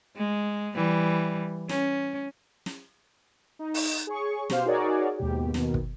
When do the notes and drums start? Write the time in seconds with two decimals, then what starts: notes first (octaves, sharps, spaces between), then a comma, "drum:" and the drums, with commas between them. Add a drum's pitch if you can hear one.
0.16 G#3
0.75 E3 G3
1.69 C#4, drum: snare
2.66 drum: snare
3.59 D#4
3.74 drum: open hi-hat
4.07 G#4 C#5 C#6
4.50 B2 G4 C5 F5, drum: snare
4.65 D#4 F#4 G#4 A#4 C#5 D5
5.18 D#2 G#2 B2 G4
5.54 D#2 B2 D#3, drum: snare
5.74 drum: kick